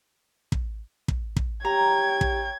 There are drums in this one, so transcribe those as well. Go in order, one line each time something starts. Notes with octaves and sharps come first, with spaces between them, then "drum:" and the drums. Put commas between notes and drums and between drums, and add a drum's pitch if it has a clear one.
drum: kick
drum: kick
drum: kick
G4 C#5 G5 A#5 G#6
drum: kick